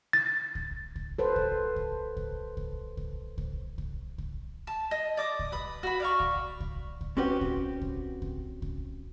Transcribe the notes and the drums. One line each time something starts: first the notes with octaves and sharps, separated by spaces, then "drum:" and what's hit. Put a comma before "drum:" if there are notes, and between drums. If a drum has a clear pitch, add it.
A6
drum: kick C2
drum: kick C2
A4 B4 C5
drum: kick C2
drum: kick C2
drum: kick C2
drum: kick C2
drum: kick C2
drum: kick C2
drum: kick C2
drum: kick C2
A5
D#5
D5 D6 D#6
drum: kick C2
B4 B5 D#6
F#4 B5
D5 F5 C#6
drum: kick C2
drum: kick C2
drum: kick C2
C4 C#4 F#4 G4 B4 C5
drum: kick C2
drum: kick C2
drum: kick C2
drum: kick C2